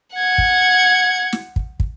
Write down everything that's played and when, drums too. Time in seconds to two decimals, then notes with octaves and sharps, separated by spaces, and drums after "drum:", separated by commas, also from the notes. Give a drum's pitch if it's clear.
0.15 F#5 G#6
0.38 drum: kick
1.32 drum: snare
1.56 drum: kick
1.80 drum: kick